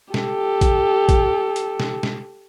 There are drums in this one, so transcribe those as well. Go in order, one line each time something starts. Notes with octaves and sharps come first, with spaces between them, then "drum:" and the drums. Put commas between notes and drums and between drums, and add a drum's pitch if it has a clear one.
G4 A4, drum: snare
drum: kick A1, hi-hat
drum: kick A1, hi-hat
drum: hi-hat
drum: snare
drum: snare